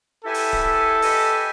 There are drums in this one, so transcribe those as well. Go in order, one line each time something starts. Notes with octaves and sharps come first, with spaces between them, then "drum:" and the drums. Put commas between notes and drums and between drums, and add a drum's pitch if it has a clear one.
E4 G4 A4 B4 E5 G#5
drum: open hi-hat
drum: kick D1
A4
G4 B4 D#5 G#5, drum: open hi-hat